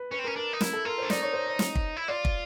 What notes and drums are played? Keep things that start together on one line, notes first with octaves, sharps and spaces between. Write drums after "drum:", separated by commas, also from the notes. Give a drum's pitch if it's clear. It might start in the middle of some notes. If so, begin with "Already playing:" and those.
Already playing: B4
C#4 B4
C4
C#4 A#4
D4 A#4
D#4
E4 A#4, drum: snare
A4
F4 A#4
C5
D4
D#4 D5, drum: snare
C#5
C5
C#5
drum: snare
drum: kick
E4
F4 D5
drum: kick